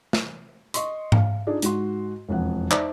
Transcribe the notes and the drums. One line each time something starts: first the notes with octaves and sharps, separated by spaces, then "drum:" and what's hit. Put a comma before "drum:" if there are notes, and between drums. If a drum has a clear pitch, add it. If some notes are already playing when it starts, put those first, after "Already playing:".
drum: snare
D#5 C6 C#6, drum: hi-hat
F5, drum: tom G#2
D4 D#4 F4 G#4 D5
G#2 F#4 C6, drum: hi-hat
E1 F2 F#5
D#4 C5 D5 E5 A5, drum: clap